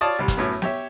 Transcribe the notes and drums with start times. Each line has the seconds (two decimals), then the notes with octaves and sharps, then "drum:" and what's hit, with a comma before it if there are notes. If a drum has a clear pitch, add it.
0.01 F4 C#5 D5 A5 D#6
0.19 C2 G3
0.28 drum: kick, hi-hat
0.37 F#2 A2 B3
0.62 G4 C#5 E5, drum: snare B3